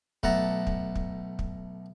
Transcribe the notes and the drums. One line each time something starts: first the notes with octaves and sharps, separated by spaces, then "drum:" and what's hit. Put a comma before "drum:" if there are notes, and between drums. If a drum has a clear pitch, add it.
B1 A3 F#5 A5 A#5, drum: kick
drum: kick
drum: kick
drum: kick